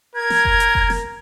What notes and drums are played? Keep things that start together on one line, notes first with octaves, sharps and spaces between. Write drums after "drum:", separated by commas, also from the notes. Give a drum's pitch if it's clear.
A#4 G#6
drum: snare
drum: kick F1
drum: hi-hat
drum: kick F1
drum: snare